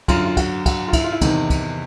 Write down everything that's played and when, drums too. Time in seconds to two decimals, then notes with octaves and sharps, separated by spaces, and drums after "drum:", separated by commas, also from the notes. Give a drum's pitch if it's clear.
0.08 F#2 D3 F4, drum: kick, cymbal
0.25 F4
0.37 F#4, drum: kick, cymbal
0.66 F#4, drum: kick, cymbal
0.88 F4
0.93 E4, drum: kick, cymbal
1.04 F4
1.12 E4
1.21 E2 C3 D#3 D#4, drum: kick, cymbal
1.50 drum: kick, cymbal